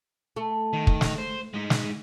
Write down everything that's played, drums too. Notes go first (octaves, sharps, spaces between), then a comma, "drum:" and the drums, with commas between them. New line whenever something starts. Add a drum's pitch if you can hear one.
A3
D#3
drum: kick
drum: snare
C5
G#3 D#4
drum: snare